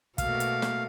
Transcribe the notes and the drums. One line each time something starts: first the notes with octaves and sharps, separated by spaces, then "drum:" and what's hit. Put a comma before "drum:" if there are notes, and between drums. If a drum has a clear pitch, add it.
B2 A3 A#3 F5, drum: kick, hi-hat
drum: hi-hat
drum: snare